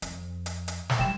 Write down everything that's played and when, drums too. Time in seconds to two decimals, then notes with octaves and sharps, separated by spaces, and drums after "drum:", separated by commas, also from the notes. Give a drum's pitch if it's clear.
0.02 F2, drum: hi-hat
0.46 drum: hi-hat
0.68 drum: hi-hat
0.90 drum: snare
0.99 F#3 G3 G5 E7